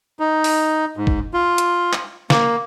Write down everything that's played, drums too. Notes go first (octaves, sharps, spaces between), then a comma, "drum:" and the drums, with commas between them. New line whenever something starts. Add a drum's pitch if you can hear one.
D#4
drum: open hi-hat
G#2
drum: kick
F4
drum: hi-hat
drum: clap
A#3, drum: snare